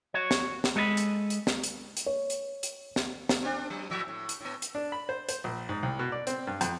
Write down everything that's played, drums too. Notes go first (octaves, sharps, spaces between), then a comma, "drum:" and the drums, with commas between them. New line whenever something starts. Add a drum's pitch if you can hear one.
F#4 C#5
drum: snare
drum: snare
G#3 A4 D#5 A5 B5
drum: hi-hat
drum: hi-hat
drum: snare
drum: hi-hat
drum: hi-hat
C#5
drum: hi-hat
drum: hi-hat
drum: snare
drum: snare
C4 D4
F#3
A2 F3 E5
A2
drum: hi-hat
A2 B3
drum: hi-hat
D4
B5
C5
C5, drum: hi-hat
A#1
G#2
C2
B2
D5
C4, drum: hi-hat
G2
F2, drum: hi-hat